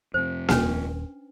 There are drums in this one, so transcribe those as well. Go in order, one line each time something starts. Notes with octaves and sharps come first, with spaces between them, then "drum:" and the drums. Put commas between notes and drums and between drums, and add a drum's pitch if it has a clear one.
F2 C3 C5
D#1 C#4 D4 B4, drum: snare A#3